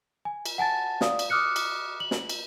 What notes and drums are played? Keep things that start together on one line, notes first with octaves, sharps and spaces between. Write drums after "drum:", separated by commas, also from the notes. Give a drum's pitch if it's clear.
G#5
drum: cymbal
F#5 G#5 A5 A6
D5 F5 D#6, drum: snare
drum: cymbal
D6 D#6 F6 F#6 C#7
drum: cymbal
F#7
drum: snare
drum: cymbal